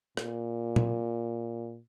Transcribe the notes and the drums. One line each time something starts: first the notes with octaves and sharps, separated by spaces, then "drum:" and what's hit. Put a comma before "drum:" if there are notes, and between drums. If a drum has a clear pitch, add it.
A#2, drum: rim click
drum: tom A#2